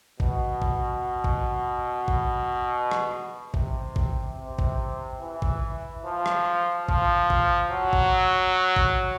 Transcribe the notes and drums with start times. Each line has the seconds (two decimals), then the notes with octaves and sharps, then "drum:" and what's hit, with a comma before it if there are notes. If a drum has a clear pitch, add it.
0.20 B2, drum: kick
0.62 drum: kick
1.24 drum: kick
2.08 drum: kick
2.91 drum: rim click
3.54 C3, drum: kick
3.96 drum: kick
4.38 C3
4.59 drum: kick
5.21 E3
5.42 drum: kick
6.05 F3
6.26 drum: rim click
6.88 F3, drum: kick
7.30 drum: kick
7.72 F#3
7.93 drum: kick
8.76 drum: kick